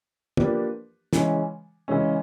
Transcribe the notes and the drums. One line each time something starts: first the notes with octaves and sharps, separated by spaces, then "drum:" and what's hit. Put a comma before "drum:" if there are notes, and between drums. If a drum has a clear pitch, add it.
F3 A#3 D4 G4 B4, drum: tom
C#3 E3 G#3 C#4, drum: snare
C#3 E3 G#3 C#4